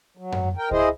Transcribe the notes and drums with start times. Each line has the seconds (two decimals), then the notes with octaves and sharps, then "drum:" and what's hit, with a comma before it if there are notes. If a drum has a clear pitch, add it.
0.17 F#3
0.32 drum: tom F#2
0.57 A#4 G5
0.71 E4 G#4 C5 D#5, drum: kick C#2